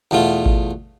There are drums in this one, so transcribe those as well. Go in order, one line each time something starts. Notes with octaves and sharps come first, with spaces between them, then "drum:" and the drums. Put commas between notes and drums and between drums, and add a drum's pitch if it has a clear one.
E2 B2 A3 F4
drum: kick G#1